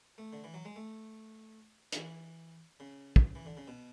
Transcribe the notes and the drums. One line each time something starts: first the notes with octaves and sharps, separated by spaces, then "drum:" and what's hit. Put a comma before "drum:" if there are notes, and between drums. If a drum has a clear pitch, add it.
A3
D3
E3
F#3
G#3
A3
E3, drum: hi-hat
C#3
drum: kick
E3
D3
C#3
B2